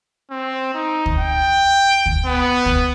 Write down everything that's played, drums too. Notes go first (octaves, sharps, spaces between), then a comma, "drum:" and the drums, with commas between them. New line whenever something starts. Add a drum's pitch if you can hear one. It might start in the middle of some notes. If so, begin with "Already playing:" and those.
C4
D#4
drum: kick D2
G5
drum: kick D2
B3
drum: kick D2